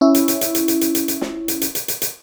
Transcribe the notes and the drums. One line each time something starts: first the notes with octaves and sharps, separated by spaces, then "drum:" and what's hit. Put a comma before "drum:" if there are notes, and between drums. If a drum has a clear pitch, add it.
C#4 E4
drum: hi-hat
drum: hi-hat
drum: hi-hat
drum: hi-hat
drum: hi-hat
drum: hi-hat
drum: hi-hat
drum: hi-hat
drum: snare
drum: hi-hat
drum: hi-hat
drum: hi-hat
drum: hi-hat
drum: hi-hat